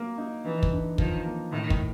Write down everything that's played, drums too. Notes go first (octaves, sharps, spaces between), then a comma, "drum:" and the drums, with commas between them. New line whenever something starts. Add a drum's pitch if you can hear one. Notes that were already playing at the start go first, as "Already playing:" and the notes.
Already playing: F#3 A#3
D#4
E3 D#4
drum: kick
D3
D#3 F3, drum: kick
A#3
A2 D#3
drum: kick